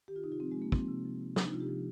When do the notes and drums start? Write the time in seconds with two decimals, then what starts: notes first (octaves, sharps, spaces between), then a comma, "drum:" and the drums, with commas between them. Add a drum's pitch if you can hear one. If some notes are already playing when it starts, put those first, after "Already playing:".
0.08 D#3 G4
0.16 F4
0.24 C3 D#4
0.32 F4
0.40 F3 C4
0.51 C3 G#3
0.62 A#3
0.72 F3 C4, drum: kick
0.88 C3
1.05 F3
1.21 C3
1.36 F3 D4, drum: snare
1.45 D#4
1.53 C3 F4
1.60 G4
1.69 F3